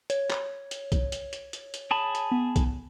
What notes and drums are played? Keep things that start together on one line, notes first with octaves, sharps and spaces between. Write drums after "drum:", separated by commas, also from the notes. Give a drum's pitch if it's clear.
C#5, drum: hi-hat
drum: clap
drum: hi-hat
drum: kick, hi-hat
drum: hi-hat
drum: hi-hat
drum: hi-hat
drum: hi-hat
G#4 A5 B5
drum: hi-hat
B3
drum: kick, hi-hat